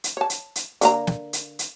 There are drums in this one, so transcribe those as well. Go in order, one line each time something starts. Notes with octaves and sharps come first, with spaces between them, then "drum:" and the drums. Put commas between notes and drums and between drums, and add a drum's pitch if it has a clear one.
drum: hi-hat
C#5 A5
drum: hi-hat
drum: hi-hat
D3 A#3 A#5, drum: hi-hat
drum: snare
drum: hi-hat
drum: hi-hat